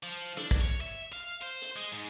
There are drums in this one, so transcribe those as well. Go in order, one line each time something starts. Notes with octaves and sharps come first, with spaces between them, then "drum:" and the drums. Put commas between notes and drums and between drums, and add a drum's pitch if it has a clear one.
F3
D4, drum: rim click
drum: kick, hi-hat
C#5
E5
F5
C5
drum: hi-hat
G#3
G#2